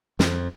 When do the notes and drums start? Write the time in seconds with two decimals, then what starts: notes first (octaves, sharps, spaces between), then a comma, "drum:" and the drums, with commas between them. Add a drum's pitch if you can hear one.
0.19 F2, drum: snare